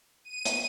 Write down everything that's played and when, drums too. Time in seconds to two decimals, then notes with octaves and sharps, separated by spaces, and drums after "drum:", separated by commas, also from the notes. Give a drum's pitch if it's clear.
0.25 D#7
0.45 drum: hi-hat